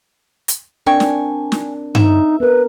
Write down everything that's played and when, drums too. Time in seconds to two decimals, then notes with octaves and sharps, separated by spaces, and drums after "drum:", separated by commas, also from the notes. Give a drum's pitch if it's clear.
0.48 drum: hi-hat
0.86 C4 D4 A#4 G5 G#5 C#6
1.00 drum: snare
1.52 drum: snare
1.95 D#4 E5, drum: tom G2
2.40 B3 A#4 B4